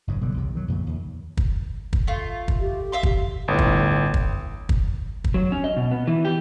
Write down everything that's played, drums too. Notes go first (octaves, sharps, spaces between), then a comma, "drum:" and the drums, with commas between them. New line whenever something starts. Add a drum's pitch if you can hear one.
F#1 G#2
B2 D3 F#3 G3
B1 E2 C3
D#3 F#3
F2 A#2 C#3
D#2
drum: kick
drum: kick
A3 F4
drum: kick
G4
E5 F5 C6
drum: kick
G1 A2
drum: kick
drum: kick
drum: kick
drum: kick
F#3
C#4
D#5
B2
B3
E3
G4